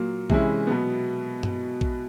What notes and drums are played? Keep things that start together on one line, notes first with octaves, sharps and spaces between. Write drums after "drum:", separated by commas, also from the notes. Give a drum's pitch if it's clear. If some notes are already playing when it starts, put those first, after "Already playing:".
Already playing: A#2 F#3 A#3
C3 E3 G#3 C#4 E4, drum: kick A#1
B2 F#3 B3
drum: tom G2
drum: kick A#1